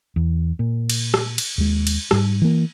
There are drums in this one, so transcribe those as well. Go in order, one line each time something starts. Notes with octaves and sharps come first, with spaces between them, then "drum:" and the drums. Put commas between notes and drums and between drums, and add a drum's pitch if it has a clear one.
E2
A#2
drum: cymbal
drum: rim click
drum: cymbal
D#2 G#3
drum: cymbal
G#2 G3, drum: rim click
E3 A#3